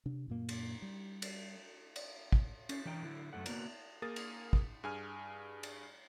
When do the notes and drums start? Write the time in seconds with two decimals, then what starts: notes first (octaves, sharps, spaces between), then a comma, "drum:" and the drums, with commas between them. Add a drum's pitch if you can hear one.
0.06 C3 D4
0.28 F#2 A#2 A#3
0.49 drum: cymbal
0.82 G3
1.22 drum: cymbal
1.96 drum: cymbal
2.32 drum: kick
2.69 C#4, drum: cymbal
2.85 E3 D4 G5 A#5
3.03 D3 E4
3.33 F#2 A3 A4 F#5
3.46 A#3 B3 F#4 A#4, drum: cymbal
4.02 A#3 G#4 A#4 D#6 A6
4.16 drum: cymbal
4.53 drum: kick
4.84 G2 G#4 G#5 F6
5.63 drum: cymbal